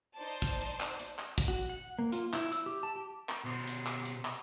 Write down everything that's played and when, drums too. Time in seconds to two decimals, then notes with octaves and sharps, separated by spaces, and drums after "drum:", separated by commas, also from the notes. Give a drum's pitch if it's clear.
0.15 D#4 C5 D5 A5
0.42 drum: kick
0.61 drum: hi-hat
0.80 drum: clap
0.99 drum: hi-hat
1.19 drum: clap
1.38 drum: kick, hi-hat
1.48 F#4
1.69 F#5
1.99 A#3
2.12 F4, drum: hi-hat
2.33 E4, drum: clap
2.52 E6, drum: hi-hat
2.66 G4
2.83 A5
2.96 G4
3.29 drum: clap
3.44 B2 C5
3.67 drum: hi-hat
3.86 drum: clap
4.06 drum: hi-hat
4.25 drum: clap